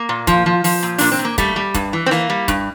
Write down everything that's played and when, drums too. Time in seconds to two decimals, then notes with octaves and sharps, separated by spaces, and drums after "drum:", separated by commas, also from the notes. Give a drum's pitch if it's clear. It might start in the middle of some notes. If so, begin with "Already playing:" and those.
Already playing: A#3
0.09 A#2
0.27 F3, drum: kick, hi-hat
0.46 F3
0.64 F3, drum: open hi-hat
0.83 A#2
0.98 A#2 D4, drum: open hi-hat
1.11 C4
1.19 A#2
1.25 A#3
1.38 G3 A3, drum: kick, hi-hat
1.56 G3
1.74 G2, drum: kick, hi-hat
1.93 E3
2.06 C4
2.11 E3 A#3, drum: rim click
2.30 G3
2.48 G2, drum: kick, hi-hat